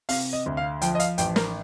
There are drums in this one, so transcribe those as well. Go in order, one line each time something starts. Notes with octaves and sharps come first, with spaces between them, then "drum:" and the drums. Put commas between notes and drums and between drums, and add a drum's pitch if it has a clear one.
C3 F5, drum: open hi-hat
D#5
D2
F5
F3 G5, drum: hi-hat
D#5
F5, drum: hi-hat
A1 G5, drum: hi-hat
A#4, drum: snare